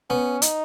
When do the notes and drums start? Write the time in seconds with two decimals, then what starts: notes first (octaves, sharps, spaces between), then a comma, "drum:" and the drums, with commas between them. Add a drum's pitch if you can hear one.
0.10 B3 C#4
0.42 D#4, drum: hi-hat